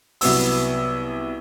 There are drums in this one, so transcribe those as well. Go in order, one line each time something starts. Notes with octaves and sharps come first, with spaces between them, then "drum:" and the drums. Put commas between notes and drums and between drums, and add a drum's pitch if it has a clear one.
C2 F#3 B3 E6, drum: open hi-hat